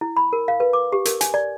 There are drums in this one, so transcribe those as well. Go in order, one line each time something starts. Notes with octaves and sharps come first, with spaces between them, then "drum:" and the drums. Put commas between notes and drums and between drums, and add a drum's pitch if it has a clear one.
E4
B5
A#4
F5
B4
D6
G4
A#4, drum: hi-hat
G#5, drum: hi-hat
D5